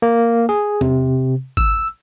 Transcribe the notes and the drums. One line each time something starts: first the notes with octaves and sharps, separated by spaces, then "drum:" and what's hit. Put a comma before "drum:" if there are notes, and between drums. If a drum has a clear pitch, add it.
A#3
G#4
C3, drum: tom E2
E6, drum: kick G#1